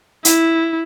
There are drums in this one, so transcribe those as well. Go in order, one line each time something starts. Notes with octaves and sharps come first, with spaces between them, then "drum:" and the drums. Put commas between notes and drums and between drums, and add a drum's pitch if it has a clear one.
E4, drum: hi-hat